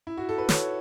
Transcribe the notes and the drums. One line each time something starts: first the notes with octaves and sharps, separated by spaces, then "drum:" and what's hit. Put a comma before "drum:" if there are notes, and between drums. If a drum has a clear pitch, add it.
E4
F#4
A4
B4
C#5, drum: snare